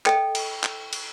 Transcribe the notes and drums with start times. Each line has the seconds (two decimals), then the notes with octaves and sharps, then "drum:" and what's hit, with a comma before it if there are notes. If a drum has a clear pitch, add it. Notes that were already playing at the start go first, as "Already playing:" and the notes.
0.06 A4 D#5 G5, drum: clap
0.35 drum: cymbal
0.64 drum: clap
0.93 drum: cymbal